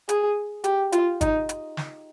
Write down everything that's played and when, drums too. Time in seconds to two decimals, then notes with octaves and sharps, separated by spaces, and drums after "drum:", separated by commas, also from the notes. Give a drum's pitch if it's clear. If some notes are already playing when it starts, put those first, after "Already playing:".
0.09 G#4, drum: hi-hat
0.64 G4, drum: hi-hat
0.92 F4, drum: hi-hat
1.21 D#4, drum: kick, hi-hat
1.49 drum: hi-hat
1.77 drum: snare